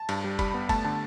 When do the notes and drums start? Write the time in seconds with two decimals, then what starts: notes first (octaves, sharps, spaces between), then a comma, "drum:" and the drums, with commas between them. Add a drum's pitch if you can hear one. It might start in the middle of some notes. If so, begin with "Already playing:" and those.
Already playing: A5
0.09 G2, drum: cymbal
0.24 G3
0.39 G3 B5, drum: kick F#1, cymbal
0.54 B3
0.69 A3 A5, drum: kick F#1, cymbal
0.85 D3 A5